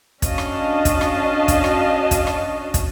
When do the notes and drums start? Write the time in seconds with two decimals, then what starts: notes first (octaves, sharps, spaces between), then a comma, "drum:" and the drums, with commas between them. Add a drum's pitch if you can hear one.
0.22 C#4 D4 F#4 D#5 F5 A5, drum: kick, hi-hat
0.38 drum: rim click
0.85 drum: kick, hi-hat
1.01 drum: rim click
1.48 drum: kick, hi-hat
1.64 drum: rim click
2.11 drum: kick, hi-hat
2.27 drum: rim click
2.74 drum: kick, hi-hat